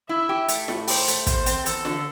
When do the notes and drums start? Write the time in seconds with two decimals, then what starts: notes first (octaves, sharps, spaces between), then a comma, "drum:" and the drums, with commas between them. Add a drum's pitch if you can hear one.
0.09 E4 E5
0.29 G4
0.48 A3, drum: hi-hat
0.68 A2, drum: snare F4
0.87 G4 C5, drum: open hi-hat
1.08 A3, drum: hi-hat
1.27 E2 C5, drum: kick, hi-hat
1.46 C4, drum: hi-hat
1.66 E2 A4, drum: hi-hat
1.85 D3, drum: snare F4